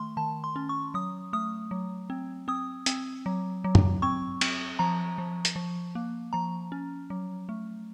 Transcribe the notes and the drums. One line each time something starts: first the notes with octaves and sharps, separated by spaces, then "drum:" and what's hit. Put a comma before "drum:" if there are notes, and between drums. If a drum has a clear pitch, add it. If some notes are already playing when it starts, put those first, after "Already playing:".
Already playing: D#3 A3 C6
D#3 A5
C6
C#4
C#6
F#3 D#6
A3 D#6
F#3
C4
C4 D#6
C4, drum: hi-hat
F#3
F#3
drum: tom F#2
C4 C#6
C4, drum: cymbal
F3 A#5
F3
drum: hi-hat
F3
A#3
F3 A#5
C#4
F#3
A3